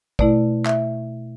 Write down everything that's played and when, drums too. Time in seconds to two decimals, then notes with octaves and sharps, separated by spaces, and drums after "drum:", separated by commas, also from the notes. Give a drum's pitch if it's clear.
0.19 B2 A3 E4 D5, drum: kick
0.66 E5, drum: clap